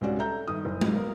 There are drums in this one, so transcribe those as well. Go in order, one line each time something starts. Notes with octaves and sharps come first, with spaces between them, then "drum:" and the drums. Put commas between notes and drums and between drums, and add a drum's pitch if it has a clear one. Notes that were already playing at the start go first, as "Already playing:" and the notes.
C#2 G#2 C3 C#4 F#4 D5
A4 E5 A#5 G6
G1 D#3 D#6
F#1
G#2 C3 G#3, drum: tom G#3
A#3 B3 A#4